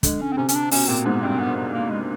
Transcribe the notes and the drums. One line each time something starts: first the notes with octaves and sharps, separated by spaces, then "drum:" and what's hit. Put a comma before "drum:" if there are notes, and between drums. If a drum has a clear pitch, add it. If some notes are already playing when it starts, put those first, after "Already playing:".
D3 G#3, drum: kick, hi-hat
C#4
C4
C3 C#4
C#4, drum: hi-hat
D4
B2 C#4, drum: open hi-hat
A#2 C4
G#2 B3
G2 C4
B3
B3
A#3
G#3